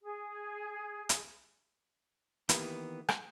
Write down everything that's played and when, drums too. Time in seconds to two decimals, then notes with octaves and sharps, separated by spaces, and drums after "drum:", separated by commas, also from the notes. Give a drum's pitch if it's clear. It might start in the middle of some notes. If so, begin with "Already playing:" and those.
0.03 G#4
1.09 drum: hi-hat
2.49 D#3 E3 A#3 B3 G4, drum: hi-hat
3.09 drum: rim click